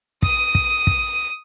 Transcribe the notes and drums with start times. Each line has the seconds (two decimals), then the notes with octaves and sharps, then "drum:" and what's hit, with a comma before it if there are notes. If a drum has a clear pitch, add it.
0.22 D#6 D#7, drum: kick
0.55 drum: kick
0.87 drum: kick